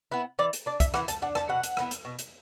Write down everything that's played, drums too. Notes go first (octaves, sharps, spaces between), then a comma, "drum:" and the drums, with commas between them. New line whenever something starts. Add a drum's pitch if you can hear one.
B3 E4 B4
E3 D5
drum: hi-hat
D4 D5
E5, drum: kick, hi-hat
E3 F#5, drum: rim click
A5, drum: hi-hat
D4 F#5
A5, drum: rim click
B2 F#5
drum: hi-hat
B3 E4, drum: rim click
drum: hi-hat
B2
drum: hi-hat